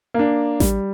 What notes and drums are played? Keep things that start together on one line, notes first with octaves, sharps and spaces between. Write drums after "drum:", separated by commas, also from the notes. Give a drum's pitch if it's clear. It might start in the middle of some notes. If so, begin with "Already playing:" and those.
A#3 D4
G3, drum: snare A1